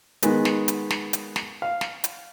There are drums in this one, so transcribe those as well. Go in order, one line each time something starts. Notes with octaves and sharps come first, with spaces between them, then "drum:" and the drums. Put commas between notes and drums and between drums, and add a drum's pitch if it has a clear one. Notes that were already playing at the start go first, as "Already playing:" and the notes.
D#3 G#3 B3, drum: hi-hat
drum: snare
drum: hi-hat
drum: snare
drum: hi-hat
drum: snare
F5
drum: snare
drum: hi-hat